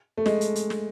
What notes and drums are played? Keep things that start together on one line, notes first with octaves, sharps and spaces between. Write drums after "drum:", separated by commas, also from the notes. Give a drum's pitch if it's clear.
A3
G#3, drum: snare
drum: hi-hat
drum: hi-hat
drum: snare